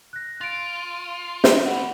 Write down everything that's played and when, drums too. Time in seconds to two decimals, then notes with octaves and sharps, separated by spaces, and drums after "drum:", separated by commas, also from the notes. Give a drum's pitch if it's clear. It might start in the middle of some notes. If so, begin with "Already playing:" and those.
0.13 F#6 A#6
0.41 F4 A6 D7
1.44 drum: snare
1.66 E3 C4 F#5